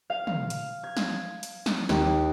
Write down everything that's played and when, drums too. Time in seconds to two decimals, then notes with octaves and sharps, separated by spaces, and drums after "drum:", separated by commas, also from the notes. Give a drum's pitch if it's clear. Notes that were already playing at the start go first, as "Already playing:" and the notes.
0.10 F5
0.27 drum: tom
0.50 drum: hi-hat
0.84 G#6
0.97 drum: snare
1.43 drum: hi-hat
1.66 drum: snare
1.89 D#2, drum: snare